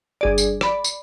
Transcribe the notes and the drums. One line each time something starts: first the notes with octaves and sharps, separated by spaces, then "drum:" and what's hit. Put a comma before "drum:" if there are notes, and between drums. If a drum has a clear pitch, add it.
G1 G#4 D5
drum: tambourine
D5 B5, drum: rim click
drum: tambourine